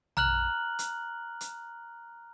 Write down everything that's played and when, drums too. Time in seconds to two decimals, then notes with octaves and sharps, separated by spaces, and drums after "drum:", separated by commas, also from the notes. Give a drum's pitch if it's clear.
0.17 A#5 F6 F#6 F#7, drum: tom A#1
0.79 drum: hi-hat
1.41 drum: hi-hat